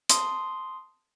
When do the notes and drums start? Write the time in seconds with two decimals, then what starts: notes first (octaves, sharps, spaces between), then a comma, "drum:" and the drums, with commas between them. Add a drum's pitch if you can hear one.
0.10 A5 C6 D#6, drum: hi-hat